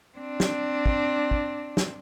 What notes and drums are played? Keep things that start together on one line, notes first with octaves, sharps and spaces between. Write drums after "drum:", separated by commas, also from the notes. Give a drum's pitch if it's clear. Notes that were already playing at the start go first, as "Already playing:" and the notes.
C4 D4
drum: snare
drum: kick
drum: kick
drum: snare